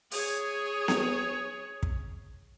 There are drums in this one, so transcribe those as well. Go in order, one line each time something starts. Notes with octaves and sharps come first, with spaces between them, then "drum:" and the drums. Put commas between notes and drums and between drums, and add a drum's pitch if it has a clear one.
G#4 C#5, drum: open hi-hat
drum: snare B3
drum: kick